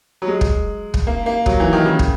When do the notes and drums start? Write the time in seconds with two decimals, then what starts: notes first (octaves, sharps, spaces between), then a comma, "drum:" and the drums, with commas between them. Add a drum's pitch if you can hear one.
0.22 F#3
0.28 G#3
0.41 drum: kick
0.94 drum: kick
1.07 A#3
1.26 A#3
1.46 F#3, drum: kick
1.60 E3
1.73 D#3
1.86 C#3
1.99 drum: kick